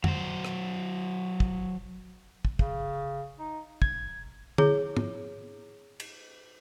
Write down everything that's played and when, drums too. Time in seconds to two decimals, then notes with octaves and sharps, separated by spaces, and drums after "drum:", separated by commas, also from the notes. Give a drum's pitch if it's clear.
0.04 F#3 C5, drum: tom F2
0.45 drum: rim click
1.40 drum: kick
2.45 drum: kick
2.59 C#3, drum: kick
3.39 D#4
3.82 G#6, drum: kick
4.58 E4 G#4 C#5, drum: tom
4.97 drum: tom
6.00 drum: cymbal